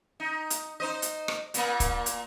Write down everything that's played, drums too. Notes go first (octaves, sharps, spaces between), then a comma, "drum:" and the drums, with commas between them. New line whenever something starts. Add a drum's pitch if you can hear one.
D#4
drum: hi-hat
D#4 C5 D#5
drum: hi-hat
drum: rim click
A#2 A#3, drum: hi-hat
drum: kick, hi-hat
drum: hi-hat